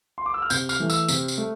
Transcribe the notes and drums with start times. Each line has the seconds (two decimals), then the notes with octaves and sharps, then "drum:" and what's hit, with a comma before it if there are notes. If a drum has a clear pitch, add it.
0.18 C6
0.26 D6
0.34 E6
0.42 F6
0.50 C3 G6, drum: tambourine
0.69 F6, drum: tambourine
0.80 E3 A3
0.90 E6, drum: tambourine
1.09 C3, drum: tambourine
1.28 drum: tambourine
1.38 A3